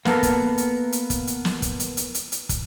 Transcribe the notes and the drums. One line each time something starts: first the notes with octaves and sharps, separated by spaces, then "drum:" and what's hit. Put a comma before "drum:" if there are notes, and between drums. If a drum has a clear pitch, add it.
A#3 B3 A4 A#4, drum: snare
drum: kick, hi-hat
drum: hi-hat
drum: hi-hat
drum: kick, hi-hat
drum: hi-hat
drum: snare
drum: kick, hi-hat
drum: hi-hat
drum: hi-hat
drum: hi-hat
drum: hi-hat
drum: kick, hi-hat